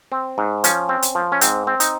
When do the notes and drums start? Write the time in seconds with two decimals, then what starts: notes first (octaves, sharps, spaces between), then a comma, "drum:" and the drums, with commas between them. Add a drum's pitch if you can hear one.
0.12 C4
0.38 G#2
0.64 F3 C#4, drum: hi-hat
0.89 C4
1.02 drum: hi-hat
1.15 F3
1.32 C#4
1.41 G#2 C4, drum: hi-hat
1.67 C4
1.80 D#4, drum: hi-hat